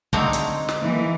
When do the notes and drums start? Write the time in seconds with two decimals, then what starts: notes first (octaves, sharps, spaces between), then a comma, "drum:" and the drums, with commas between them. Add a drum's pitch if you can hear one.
0.13 D3 G#3 A3 C4 D#4, drum: kick
0.33 drum: hi-hat
0.69 drum: snare
0.82 E3 A#3